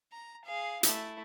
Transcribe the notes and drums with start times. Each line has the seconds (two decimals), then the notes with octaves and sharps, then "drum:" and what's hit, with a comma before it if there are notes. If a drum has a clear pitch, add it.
0.12 A#5
0.45 G#4 F5
0.83 A3 E4, drum: hi-hat